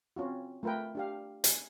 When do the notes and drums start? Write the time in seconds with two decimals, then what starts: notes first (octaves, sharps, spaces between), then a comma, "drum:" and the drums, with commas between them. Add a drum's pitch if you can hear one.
0.16 C4 C#4 F4 F#4
0.63 A3 F4 A#4 B4 G5
0.95 D4 G4 F5
1.44 G#5, drum: hi-hat